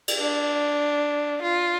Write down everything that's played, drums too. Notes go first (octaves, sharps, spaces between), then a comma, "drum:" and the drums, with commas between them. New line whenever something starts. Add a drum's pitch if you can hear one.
drum: cymbal
D4
F4